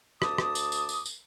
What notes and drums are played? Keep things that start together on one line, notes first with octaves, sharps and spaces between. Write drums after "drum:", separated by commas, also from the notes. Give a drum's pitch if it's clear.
D2 A5 D6 D#6, drum: rim click
drum: rim click
drum: tambourine
drum: tambourine
drum: tambourine
drum: tambourine